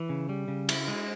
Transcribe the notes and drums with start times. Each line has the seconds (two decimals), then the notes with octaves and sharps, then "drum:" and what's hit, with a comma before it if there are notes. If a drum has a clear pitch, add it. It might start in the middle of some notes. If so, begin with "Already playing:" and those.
Already playing: E3
0.09 C#3
0.29 G3
0.48 C#3
0.69 E4, drum: cymbal
0.88 G#3